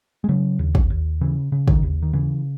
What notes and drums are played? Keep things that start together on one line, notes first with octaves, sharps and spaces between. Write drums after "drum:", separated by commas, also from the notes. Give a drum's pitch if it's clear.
G#3
C#3 F#3
D#2
drum: kick
D#2
C#3 E3
C#3
D#3, drum: kick
D#2
D#3
C#3 E3